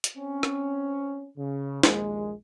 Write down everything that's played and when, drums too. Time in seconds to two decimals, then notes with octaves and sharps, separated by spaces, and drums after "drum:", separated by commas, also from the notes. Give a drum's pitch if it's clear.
0.04 drum: hi-hat
0.16 C4 C#4
0.43 drum: rim click
1.37 C#3
1.83 A#1 D#2 G#3, drum: snare